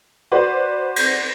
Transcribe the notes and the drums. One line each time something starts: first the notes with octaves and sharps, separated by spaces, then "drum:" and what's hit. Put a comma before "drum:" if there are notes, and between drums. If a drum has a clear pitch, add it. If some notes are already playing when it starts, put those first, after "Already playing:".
F#4 B4 C5 D5
drum: cymbal